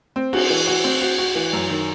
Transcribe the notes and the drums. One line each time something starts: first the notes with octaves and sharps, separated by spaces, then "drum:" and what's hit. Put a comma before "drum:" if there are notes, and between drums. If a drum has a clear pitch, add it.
C4
F#4, drum: cymbal
E3
F#4
C4
F#4
F#4
E3
F#2
D#3